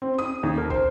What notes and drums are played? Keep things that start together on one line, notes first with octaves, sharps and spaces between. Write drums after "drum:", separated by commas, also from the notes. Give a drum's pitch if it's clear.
C4
D#6
D#2
A#4
C5, drum: kick